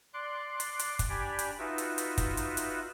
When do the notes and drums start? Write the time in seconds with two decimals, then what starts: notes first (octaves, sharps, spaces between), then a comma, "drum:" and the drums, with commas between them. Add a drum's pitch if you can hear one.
0.13 D5 C6 D6 F#6
0.60 drum: hi-hat
0.79 drum: hi-hat
0.99 drum: kick, hi-hat
1.09 D4 G4 D5 G5 G#5 B5
1.39 drum: hi-hat
1.58 D#4 F4 F#4 B4 E5
1.78 drum: hi-hat
1.98 drum: hi-hat
2.18 drum: kick, hi-hat
2.37 drum: hi-hat
2.57 drum: hi-hat